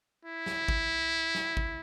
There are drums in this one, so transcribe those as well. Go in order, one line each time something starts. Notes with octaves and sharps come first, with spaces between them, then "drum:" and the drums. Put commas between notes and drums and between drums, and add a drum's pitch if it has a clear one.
E4
drum: snare
drum: kick G#1
drum: snare
drum: kick G#1